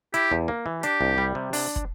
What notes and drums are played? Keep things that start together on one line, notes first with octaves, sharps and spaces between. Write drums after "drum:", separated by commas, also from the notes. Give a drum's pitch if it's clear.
E4 G4, drum: hi-hat
E2
A#3
E3
D4 G4, drum: hi-hat
C2
G3
C3
D4, drum: open hi-hat
drum: kick